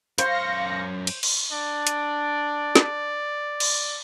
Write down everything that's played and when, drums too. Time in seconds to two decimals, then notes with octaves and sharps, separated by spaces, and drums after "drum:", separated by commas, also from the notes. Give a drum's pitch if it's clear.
0.18 F#2 C5 F5 C6 C#6 A#6 C#7, drum: hi-hat
1.07 drum: cymbal
1.23 drum: cymbal
1.52 D4 D5
1.87 drum: hi-hat
2.75 drum: snare
3.60 drum: cymbal